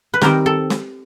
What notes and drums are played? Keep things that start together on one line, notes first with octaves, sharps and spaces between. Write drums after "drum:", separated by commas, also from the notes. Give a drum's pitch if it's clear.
B4
D#3 G3 C4 A#4, drum: snare
A4
drum: snare